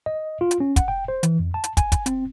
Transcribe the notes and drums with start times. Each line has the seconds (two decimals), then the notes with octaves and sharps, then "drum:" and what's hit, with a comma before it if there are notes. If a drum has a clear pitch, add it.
0.06 D#5
0.41 F4
0.51 drum: hi-hat
0.60 C#4
0.76 F#5, drum: kick, hi-hat
0.88 G5
1.08 C5
1.23 E3, drum: hi-hat
1.40 F2
1.54 A5
1.64 drum: hi-hat
1.77 G#5, drum: kick, hi-hat
1.92 drum: kick, hi-hat
2.06 C4, drum: hi-hat